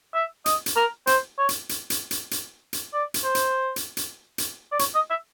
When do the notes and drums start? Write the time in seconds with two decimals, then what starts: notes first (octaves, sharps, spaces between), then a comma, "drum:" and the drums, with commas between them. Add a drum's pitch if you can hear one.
0.14 E5
0.46 D#5, drum: hi-hat
0.66 drum: hi-hat
0.77 A#4
1.07 C5, drum: hi-hat
1.38 C#5
1.49 drum: hi-hat
1.69 drum: hi-hat
1.90 drum: hi-hat
2.11 drum: hi-hat
2.31 drum: hi-hat
2.73 drum: hi-hat
2.94 D5
3.14 drum: hi-hat
3.24 C5
3.35 drum: hi-hat
3.76 drum: hi-hat
3.97 drum: hi-hat
4.38 drum: hi-hat
4.72 D5
4.79 C#5, drum: hi-hat
4.95 D#5
5.10 E5